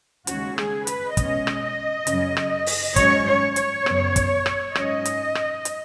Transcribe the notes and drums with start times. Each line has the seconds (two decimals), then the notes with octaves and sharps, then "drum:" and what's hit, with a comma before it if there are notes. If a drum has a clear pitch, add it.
0.27 D#2 C#3 G#3 C#4 F#4, drum: hi-hat
0.58 G#4, drum: rim click
0.87 B4, drum: hi-hat
1.17 B2 G#3 C#4 D#5, drum: kick, hi-hat
1.47 drum: rim click
2.07 F#2 C#3 F#3 C#4, drum: hi-hat
2.37 drum: rim click
2.66 drum: open hi-hat
2.96 G#2 F#3 C#4 C#5, drum: kick, hi-hat
3.27 C#5
3.56 C#5, drum: hi-hat
3.86 F#2 C#3 B3, drum: rim click
4.16 drum: kick, hi-hat
4.46 drum: rim click
4.75 G#2 F#3 C#4 D#5, drum: rim click
5.05 drum: hi-hat
5.35 drum: rim click
5.65 drum: hi-hat